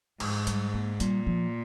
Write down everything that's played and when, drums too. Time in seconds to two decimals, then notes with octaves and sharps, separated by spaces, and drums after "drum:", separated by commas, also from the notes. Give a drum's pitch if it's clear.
0.20 G#2 F3, drum: cymbal
0.47 G3, drum: hi-hat
0.74 A#3
1.00 A#2 G3, drum: hi-hat
1.27 F3